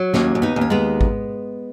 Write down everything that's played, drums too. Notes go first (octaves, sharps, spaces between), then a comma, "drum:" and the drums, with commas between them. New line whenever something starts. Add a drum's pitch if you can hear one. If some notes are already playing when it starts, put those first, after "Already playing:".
Already playing: F#3
D#2 A#3 C#4, drum: snare
D#2
B3 D#4
D#2
C#4
G#3 B3
drum: kick G#1